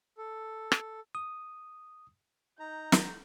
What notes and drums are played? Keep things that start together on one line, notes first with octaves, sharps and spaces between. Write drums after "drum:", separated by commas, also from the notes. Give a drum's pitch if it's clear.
A4
drum: rim click
D#6
D#4 A#5 G6
drum: snare